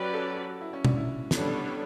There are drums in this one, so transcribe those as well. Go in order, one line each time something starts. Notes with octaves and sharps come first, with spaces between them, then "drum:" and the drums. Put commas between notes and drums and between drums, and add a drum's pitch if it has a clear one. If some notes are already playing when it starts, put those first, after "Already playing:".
Already playing: F#3 C#4 G4 B4 D5
A4
F#4
E4
C#4
D4, drum: tom B2
E4
G3 B3 D4 A4 C#5, drum: snare